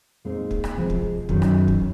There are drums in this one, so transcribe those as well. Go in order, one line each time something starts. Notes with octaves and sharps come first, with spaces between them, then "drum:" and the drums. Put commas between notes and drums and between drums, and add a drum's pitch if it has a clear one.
A#2 G#3 C4 D#4
drum: kick
drum: rim click
C3 F3 G#3 C4
drum: kick
F#2 D#3 F#3, drum: kick
drum: rim click
drum: kick